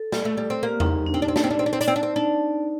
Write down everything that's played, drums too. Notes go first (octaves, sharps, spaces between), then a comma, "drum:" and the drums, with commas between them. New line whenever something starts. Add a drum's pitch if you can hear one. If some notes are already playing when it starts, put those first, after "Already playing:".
Already playing: A4
G3, drum: snare
A3
G3
C4
A#3 G4
D#4, drum: tom E2
D4
C4 D#4
D4
C4
D4, drum: snare
C4
D4
C4
D4
C4
D4, drum: hi-hat
C4
D4
C4
D4 D#4